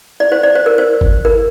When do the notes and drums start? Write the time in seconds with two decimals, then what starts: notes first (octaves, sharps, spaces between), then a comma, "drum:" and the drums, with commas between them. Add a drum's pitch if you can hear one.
0.20 D5
0.32 C5
0.43 D5
0.55 C5
0.66 A#4
0.78 C5
1.01 drum: kick G1
1.25 A#4